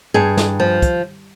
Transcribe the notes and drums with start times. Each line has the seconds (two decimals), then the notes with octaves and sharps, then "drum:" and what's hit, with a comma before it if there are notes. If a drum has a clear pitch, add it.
0.14 G2 G#4
0.37 drum: snare
0.60 F3
0.82 drum: kick, hi-hat